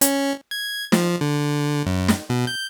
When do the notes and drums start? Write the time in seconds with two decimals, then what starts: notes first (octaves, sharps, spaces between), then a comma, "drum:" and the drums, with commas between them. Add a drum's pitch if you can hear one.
0.01 C#4, drum: hi-hat
0.51 G#6
0.92 F3, drum: snare
1.21 D3
1.86 F#2
2.08 drum: snare
2.30 B2
2.47 G6